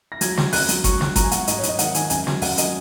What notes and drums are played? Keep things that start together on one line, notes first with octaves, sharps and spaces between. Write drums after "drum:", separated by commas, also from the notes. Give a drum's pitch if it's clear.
A#6
F#3 G#6, drum: hi-hat
F#3, drum: snare
F#2 F#6, drum: open hi-hat
F#3, drum: hi-hat
F#3 C#6, drum: kick G1, hi-hat
F#3, drum: snare
F#3 A#5, drum: kick G1, hi-hat
G#5
F#3 F#5, drum: hi-hat
G#2 D#5, drum: hi-hat
C#5
G#2, drum: hi-hat
D#5
D#3 F#5, drum: hi-hat
D#3 G#5, drum: hi-hat
F#2 G#5, drum: hi-hat
F#3, drum: snare
F#2 F#5, drum: open hi-hat
F#3 D#5, drum: hi-hat